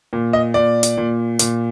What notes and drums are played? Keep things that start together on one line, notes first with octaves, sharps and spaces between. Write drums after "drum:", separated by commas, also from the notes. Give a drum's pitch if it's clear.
A#2
D#5
A#2 D5
drum: hi-hat
A#2
A#2, drum: hi-hat